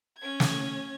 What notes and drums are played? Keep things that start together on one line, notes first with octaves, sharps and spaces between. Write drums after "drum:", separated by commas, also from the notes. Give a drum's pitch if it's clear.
C#4 G#6
drum: snare